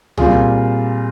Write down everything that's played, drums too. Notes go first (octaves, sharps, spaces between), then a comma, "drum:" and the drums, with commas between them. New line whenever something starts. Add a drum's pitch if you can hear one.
A#2 G3 C4 F4 G#4, drum: tom C2